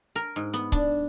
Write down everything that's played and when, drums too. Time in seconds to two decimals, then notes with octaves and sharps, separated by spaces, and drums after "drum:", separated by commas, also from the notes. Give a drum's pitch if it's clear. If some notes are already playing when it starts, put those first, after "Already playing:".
0.16 A#4
0.36 G#2
0.53 B3
0.72 D4, drum: kick C#1